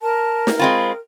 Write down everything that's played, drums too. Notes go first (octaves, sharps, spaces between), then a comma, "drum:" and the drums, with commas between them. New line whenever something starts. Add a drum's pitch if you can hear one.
A#4 A5
drum: snare
G#3 C4 F4 B5